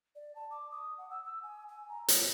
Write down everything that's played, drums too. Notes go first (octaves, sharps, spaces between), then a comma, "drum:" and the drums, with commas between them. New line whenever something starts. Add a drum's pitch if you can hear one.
D5
A5
D6
D#6
F#5
E6
E6
G#5
G#5
A#5
C#5, drum: hi-hat